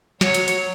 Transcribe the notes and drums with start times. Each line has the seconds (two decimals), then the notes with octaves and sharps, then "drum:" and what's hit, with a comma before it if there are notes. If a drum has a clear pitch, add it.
0.21 F#3 C#5, drum: snare
0.34 drum: hi-hat
0.48 drum: hi-hat